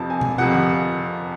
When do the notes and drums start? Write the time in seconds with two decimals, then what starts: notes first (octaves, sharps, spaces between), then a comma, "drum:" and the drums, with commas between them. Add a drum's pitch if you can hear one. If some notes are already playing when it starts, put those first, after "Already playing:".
Already playing: F2 C3 F3 A5
0.10 G#5
0.21 drum: tom B2
0.38 F2 C3 F3 F#5
0.54 drum: tom D3